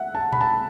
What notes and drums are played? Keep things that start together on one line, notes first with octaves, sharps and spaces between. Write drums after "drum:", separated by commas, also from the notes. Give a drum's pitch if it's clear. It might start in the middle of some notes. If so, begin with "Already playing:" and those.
Already playing: E5 F#5
A5
B5, drum: tom A#2
A5